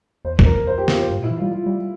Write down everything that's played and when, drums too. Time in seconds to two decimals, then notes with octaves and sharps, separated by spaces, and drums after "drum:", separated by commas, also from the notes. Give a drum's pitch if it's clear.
0.25 E2 C5
0.39 F2, drum: kick
0.45 A#4
0.53 F2
0.67 C5
0.78 G4
0.88 F4, drum: snare
0.99 C5
1.10 G2
1.20 A#2 E4
1.31 E3
1.37 F4
1.42 G3
1.51 F4
1.66 G3